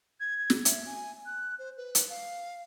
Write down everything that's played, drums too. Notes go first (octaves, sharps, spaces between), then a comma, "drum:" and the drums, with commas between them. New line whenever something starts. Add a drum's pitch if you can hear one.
G#6
drum: snare
E5, drum: hi-hat
G#5
F#6
C5
B4
drum: hi-hat
F5